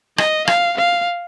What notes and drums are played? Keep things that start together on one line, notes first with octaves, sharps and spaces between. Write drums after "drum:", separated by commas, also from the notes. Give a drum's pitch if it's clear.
D#5, drum: rim click
F5, drum: rim click
F5